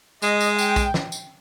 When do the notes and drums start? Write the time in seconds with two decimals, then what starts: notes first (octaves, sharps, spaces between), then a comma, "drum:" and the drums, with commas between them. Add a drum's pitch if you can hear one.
0.22 G#3 D#5, drum: tambourine
0.40 drum: tambourine
0.58 G5, drum: tambourine
0.76 drum: kick B1, tambourine
0.94 drum: snare
1.12 drum: tambourine